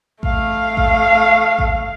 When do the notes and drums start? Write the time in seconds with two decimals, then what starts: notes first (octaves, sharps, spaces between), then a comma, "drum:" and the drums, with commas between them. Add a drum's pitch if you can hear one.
0.23 A3 F5, drum: kick A1
0.77 drum: kick A1
1.59 drum: kick A1